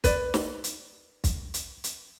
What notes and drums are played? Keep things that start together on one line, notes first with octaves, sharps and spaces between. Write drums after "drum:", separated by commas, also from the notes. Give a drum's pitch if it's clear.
B4 D5, drum: kick, hi-hat
drum: snare
drum: hi-hat
drum: kick, hi-hat
drum: hi-hat
drum: hi-hat